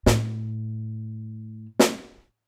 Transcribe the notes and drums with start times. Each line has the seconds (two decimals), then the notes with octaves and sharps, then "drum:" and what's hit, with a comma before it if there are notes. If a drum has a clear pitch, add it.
0.06 A2, drum: snare
1.79 drum: snare